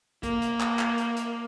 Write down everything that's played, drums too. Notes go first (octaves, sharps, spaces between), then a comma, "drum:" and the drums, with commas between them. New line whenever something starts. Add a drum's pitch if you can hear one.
A#3, drum: kick, hi-hat
drum: hi-hat
drum: clap
drum: clap
drum: hi-hat
drum: hi-hat